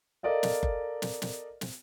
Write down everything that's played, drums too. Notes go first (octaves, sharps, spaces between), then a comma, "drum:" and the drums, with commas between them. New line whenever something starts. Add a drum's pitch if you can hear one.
A4 A#4 D5 D#5 F5
drum: snare
drum: kick F#1
drum: snare
drum: snare
drum: snare